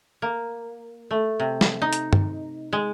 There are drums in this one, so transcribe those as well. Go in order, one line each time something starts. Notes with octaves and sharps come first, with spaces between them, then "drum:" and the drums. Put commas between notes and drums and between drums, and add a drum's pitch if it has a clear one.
A#3
A3
C3
drum: snare
D#4
drum: hi-hat
drum: tom G2
G#3